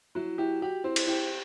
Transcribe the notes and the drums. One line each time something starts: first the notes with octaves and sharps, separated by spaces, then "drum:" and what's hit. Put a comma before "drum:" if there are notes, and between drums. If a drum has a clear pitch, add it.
F#3 E4
E4 G4
F#4 G4
C4 E4
drum: cymbal
E4 G4